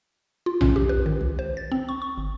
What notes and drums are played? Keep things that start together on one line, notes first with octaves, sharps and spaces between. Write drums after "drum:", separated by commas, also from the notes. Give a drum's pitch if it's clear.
F4
C#4, drum: tom A#1
G4
B4
D#3
C#2
C5
A6
C4
C#6
C#6
G1